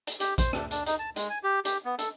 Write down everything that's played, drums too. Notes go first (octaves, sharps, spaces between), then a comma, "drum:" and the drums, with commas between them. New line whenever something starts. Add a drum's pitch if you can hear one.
drum: hi-hat
G4, drum: hi-hat
C5, drum: kick, hi-hat
D4, drum: rim click
D4, drum: hi-hat
D#4, drum: hi-hat
A5
G#3, drum: hi-hat
G#5
G4
G4, drum: hi-hat
B3
A4, drum: hi-hat